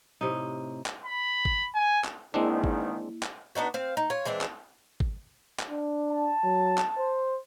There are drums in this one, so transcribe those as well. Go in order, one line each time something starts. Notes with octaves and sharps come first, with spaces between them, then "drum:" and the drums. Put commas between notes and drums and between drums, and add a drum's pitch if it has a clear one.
A2 C3 D#4
drum: clap
B5
drum: kick G#1
G#5
drum: clap
E2 G#2 D#3 G#3 A#3 C4 D4 E4
drum: kick G#1
drum: clap
B3 D4 D#4 F#4
C4 F5
D#4
F4 C#5
E3 G#3 C4 D4
drum: clap
drum: kick G#1
drum: clap
D4
A5
F#3
drum: clap
C5